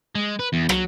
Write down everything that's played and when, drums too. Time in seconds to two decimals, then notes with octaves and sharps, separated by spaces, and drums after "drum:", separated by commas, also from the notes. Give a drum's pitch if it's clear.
0.15 G#3
0.39 B4
0.53 E2
0.69 F#3, drum: rim click